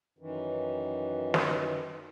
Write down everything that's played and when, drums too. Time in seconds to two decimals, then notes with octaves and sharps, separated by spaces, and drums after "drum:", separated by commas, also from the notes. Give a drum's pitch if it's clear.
0.19 F#2 D#3 E3
1.34 drum: snare